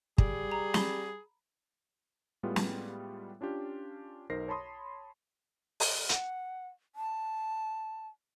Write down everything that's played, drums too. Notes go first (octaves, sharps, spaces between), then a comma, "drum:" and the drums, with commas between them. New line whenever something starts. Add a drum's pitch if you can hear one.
G3 G#4, drum: kick
A#5
B5 G7, drum: snare
A2 G3 G#3 B3 F4
drum: snare
C#4 D4 F4 G4
B1 D#4 A#4 C5 A#6 C7
C#5 A5 B5 C6 D#6
drum: open hi-hat
F#5, drum: hi-hat
A5